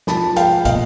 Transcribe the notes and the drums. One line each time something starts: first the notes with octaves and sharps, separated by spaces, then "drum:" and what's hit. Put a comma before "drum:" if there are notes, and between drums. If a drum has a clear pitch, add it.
F3 A5 B5, drum: snare
G#3 F5 G5, drum: hi-hat
A#2 D#5 F5, drum: kick, hi-hat